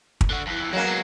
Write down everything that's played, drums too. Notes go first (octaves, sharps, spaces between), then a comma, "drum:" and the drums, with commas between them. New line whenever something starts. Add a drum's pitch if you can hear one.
drum: kick
D3 F#4
F2 E3
F#3 G#3 A#3 C#4
G#3 B3